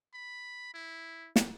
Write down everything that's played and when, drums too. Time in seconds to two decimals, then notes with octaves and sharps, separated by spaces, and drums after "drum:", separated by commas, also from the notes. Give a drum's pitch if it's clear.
0.14 B5
0.74 E4
1.36 drum: snare